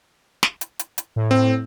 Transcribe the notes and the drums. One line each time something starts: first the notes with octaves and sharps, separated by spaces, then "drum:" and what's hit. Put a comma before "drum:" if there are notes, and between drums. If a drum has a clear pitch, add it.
drum: snare
drum: hi-hat
drum: hi-hat
drum: hi-hat
A2
C4